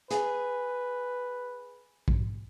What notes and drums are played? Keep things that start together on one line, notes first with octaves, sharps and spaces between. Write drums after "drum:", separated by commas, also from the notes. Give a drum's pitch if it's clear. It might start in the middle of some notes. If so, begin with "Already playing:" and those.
G#4 B4, drum: hi-hat
drum: kick A#1